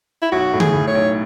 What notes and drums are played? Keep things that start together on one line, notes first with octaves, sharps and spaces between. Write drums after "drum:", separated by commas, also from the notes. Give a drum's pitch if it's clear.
E4
B1 F#4
A2
G#4, drum: tom D3
A2
C#5
B1